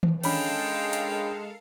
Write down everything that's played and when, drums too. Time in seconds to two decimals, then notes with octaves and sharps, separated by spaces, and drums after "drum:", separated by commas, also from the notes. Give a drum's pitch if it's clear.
0.03 drum: tom D#3
0.24 G#3 C#4 D4 A4 A#4 F5 G5 B5, drum: cymbal
0.93 drum: hi-hat